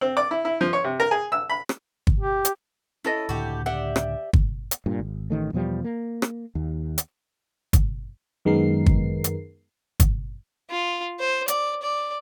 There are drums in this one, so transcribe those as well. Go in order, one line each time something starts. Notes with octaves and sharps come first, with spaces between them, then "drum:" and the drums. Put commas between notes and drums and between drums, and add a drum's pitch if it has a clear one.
C4
D5
E4
E4
F3
C#5
C3
A#4
G#4
E6
B5
drum: rim click
drum: kick
G4
drum: hi-hat
C#4 E4 A4 D#5
C#2 A2 D3 F#4 G4
G4 D5 E5 F#5
drum: rim click
drum: kick
drum: hi-hat
G2 A#2
G#1
A1 D#3 A3
E2 B2 F3 G3
A#3
drum: rim click
D#2
drum: hi-hat
drum: kick, hi-hat
F#2 D#3 G#3 B3 A#4 C7
drum: kick
drum: hi-hat
drum: kick, hi-hat
F4
C5
D5, drum: hi-hat
D5